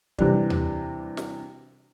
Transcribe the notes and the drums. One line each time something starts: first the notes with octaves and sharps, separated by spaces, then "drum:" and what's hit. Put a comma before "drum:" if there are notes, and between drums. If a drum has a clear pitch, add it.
C3 E3 G3 D4, drum: kick
drum: tom D#2
drum: snare